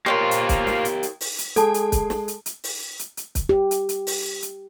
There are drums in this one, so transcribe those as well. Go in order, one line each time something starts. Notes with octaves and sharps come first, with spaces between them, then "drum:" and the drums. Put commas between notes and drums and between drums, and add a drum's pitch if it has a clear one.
A#3 F4 G4 A#4 C5 C#5 C6
drum: hi-hat
drum: kick, hi-hat
drum: snare
drum: hi-hat
drum: hi-hat
drum: open hi-hat
drum: hi-hat
G#3 G#4 A4 A5, drum: hi-hat
drum: hi-hat
drum: kick, hi-hat
drum: snare
drum: hi-hat
drum: hi-hat
drum: open hi-hat
drum: hi-hat
drum: hi-hat
drum: kick, hi-hat
G4
drum: hi-hat
drum: hi-hat
drum: open hi-hat
drum: hi-hat